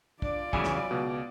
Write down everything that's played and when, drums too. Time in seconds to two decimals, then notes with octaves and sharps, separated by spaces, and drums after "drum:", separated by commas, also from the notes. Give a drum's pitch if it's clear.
0.22 D4 F4 D5, drum: kick
0.53 E2 C#3 E3 F#3 G#5, drum: kick
0.64 drum: snare
0.91 C#2 B2